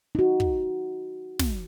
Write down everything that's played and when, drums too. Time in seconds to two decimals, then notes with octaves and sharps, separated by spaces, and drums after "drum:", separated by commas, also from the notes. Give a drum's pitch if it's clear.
0.15 D#4 F#4
0.40 drum: kick
1.39 drum: snare